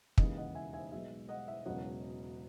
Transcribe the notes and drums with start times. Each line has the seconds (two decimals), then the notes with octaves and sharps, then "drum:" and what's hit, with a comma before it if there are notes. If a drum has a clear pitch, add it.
0.18 E1 D#2 C#3 E3 D#5, drum: kick
0.36 D#5 F#5
0.55 E5 G#5
0.73 E5 G#5
0.92 B1 B2 G#3 E5
1.29 D#5 F#5
1.48 E5
1.65 E1 E2 C#3 F#3 C#4 D#5 F#5